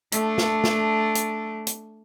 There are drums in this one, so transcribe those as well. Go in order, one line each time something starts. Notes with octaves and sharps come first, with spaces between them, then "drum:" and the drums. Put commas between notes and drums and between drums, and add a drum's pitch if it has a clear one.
A3 D4, drum: hi-hat
drum: snare
drum: snare
drum: hi-hat
drum: hi-hat